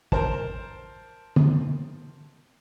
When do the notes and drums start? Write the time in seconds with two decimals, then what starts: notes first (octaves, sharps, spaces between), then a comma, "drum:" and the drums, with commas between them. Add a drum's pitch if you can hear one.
0.12 A#4 C5 A5, drum: kick
1.36 drum: tom